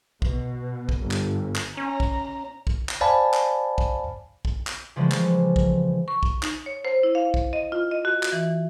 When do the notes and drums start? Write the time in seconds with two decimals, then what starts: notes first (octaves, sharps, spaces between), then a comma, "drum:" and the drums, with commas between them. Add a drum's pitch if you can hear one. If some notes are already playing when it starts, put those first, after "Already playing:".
0.22 B2, drum: kick
0.89 drum: kick
1.00 G1
1.11 drum: clap
1.55 drum: clap
1.77 C#4 A#5
2.00 drum: kick
2.67 drum: kick
2.89 drum: clap
3.01 C5 D5 F5 G#5 A5 B5
3.33 drum: clap
3.78 drum: kick
4.45 drum: kick
4.67 drum: clap
4.96 C#3 E3 F3 G3 G#3 A#3
5.11 drum: clap
5.56 drum: kick
6.08 C#6
6.23 drum: kick
6.43 D#4, drum: clap
6.66 C#5
6.85 C5
7.03 E4
7.15 F5
7.34 drum: kick
7.53 D#5
7.72 F4
7.91 D#5
8.05 F#4
8.23 drum: clap
8.32 E3